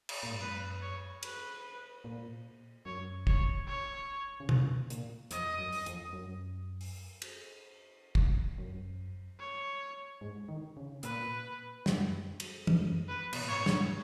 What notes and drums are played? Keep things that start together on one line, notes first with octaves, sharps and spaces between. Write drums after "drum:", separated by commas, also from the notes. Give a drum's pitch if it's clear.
drum: cymbal
A#2
G#2
F#2 B4
C#5
B4, drum: cymbal
A#2
F#2 C#5
C#5, drum: kick
C#5
C#3
B2, drum: tom
A#2, drum: hi-hat
F2 D#5, drum: hi-hat
F#2
drum: open hi-hat
F2, drum: hi-hat
F#2
drum: open hi-hat
drum: cymbal
drum: kick
F#2
C#5
G#2
D#3
C#3
A#2 B4, drum: hi-hat
F#2, drum: snare
drum: cymbal
F#2, drum: tom
B4
B2, drum: cymbal
A#2
G#2 C#5
drum: snare